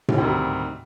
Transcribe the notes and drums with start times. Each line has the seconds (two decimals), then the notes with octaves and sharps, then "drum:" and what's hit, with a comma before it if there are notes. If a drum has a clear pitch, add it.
0.08 drum: tom A2
0.18 D2 C3 D#3 G3